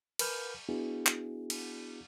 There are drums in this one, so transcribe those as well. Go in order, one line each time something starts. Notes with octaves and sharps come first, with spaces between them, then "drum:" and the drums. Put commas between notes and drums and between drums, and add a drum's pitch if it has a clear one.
A#4 B4 B5 F6 G6, drum: cymbal
B3 D4 E4 F#4 G#4
drum: clap
drum: cymbal